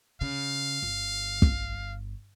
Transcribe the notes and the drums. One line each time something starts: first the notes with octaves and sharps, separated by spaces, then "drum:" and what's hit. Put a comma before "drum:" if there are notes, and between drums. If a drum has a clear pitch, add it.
C#3 F5
G1
drum: kick